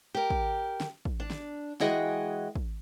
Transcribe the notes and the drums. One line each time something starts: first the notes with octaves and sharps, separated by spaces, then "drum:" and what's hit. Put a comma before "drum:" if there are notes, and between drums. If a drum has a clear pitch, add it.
G4 A#4
drum: kick
drum: snare
drum: kick
D4
drum: snare
E3 G#3 F#4 G#4 D#5 G5, drum: snare
drum: kick